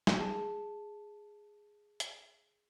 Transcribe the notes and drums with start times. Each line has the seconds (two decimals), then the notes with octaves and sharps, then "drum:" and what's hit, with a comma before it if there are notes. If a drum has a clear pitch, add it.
0.07 drum: snare
0.18 G#4 A5
2.00 drum: hi-hat